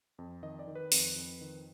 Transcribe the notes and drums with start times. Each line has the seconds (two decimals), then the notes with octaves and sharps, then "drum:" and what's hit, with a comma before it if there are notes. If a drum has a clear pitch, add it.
0.18 F2
0.43 D#3 D#5
0.59 D5
0.68 D#3
0.75 B4
0.92 F2, drum: open hi-hat
1.16 F2
1.41 D#3